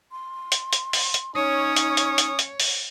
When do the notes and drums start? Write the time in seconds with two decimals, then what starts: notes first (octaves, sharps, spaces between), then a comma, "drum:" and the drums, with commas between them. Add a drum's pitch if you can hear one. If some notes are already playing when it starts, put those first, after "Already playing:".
0.12 C6
0.52 drum: hi-hat
0.73 drum: hi-hat
0.93 drum: open hi-hat
1.14 drum: hi-hat
1.35 C#4 D#4 C#5 D#6
1.76 drum: hi-hat
1.97 drum: hi-hat
2.18 drum: hi-hat
2.39 drum: hi-hat
2.60 drum: open hi-hat